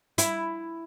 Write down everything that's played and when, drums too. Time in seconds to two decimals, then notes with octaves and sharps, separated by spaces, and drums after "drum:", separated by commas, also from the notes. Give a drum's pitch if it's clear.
0.18 E4, drum: hi-hat